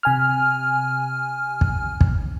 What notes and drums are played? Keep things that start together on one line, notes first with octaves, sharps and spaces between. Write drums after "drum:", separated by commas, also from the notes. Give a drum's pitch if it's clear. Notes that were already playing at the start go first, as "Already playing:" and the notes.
C3 G#5 F6
drum: kick
drum: kick